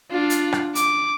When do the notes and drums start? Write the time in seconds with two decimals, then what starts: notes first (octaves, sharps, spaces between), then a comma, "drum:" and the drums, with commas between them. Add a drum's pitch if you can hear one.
0.11 D4 F4
0.30 drum: hi-hat
0.52 drum: rim click
0.75 D6, drum: hi-hat